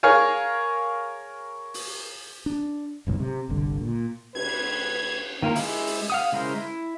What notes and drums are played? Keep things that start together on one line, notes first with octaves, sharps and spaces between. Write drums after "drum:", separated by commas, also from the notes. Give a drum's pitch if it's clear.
G#4 A#4 C#5 F5 G#5
drum: open hi-hat
D4
F#1 B1 G#2
C3
G1 C2 D3
A#2
D2 B4 G#6, drum: cymbal
D#3 A#3 F4 A#4
G#3 E4, drum: open hi-hat
drum: open hi-hat
F5 F#5 D#6
C#3 G#3 E4 A#4 C5
E4